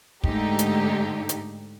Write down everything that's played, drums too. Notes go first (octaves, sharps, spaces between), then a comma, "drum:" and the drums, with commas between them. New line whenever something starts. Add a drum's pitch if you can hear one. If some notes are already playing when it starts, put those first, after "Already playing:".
G#2 D3 A3 D#4 G4, drum: kick
drum: hi-hat
drum: hi-hat